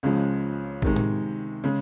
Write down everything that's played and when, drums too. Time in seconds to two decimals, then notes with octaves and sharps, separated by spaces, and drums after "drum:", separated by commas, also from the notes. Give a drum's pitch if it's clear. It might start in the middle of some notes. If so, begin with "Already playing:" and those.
0.03 C#2 C#3 F3 G#3
0.82 C3 D#3 G#3, drum: kick A1
0.96 drum: tom A2
1.64 C#3 G#3